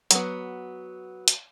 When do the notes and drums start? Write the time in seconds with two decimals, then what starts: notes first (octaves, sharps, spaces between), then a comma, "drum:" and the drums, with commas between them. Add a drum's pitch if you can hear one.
0.11 F#3 B3, drum: hi-hat
1.28 drum: hi-hat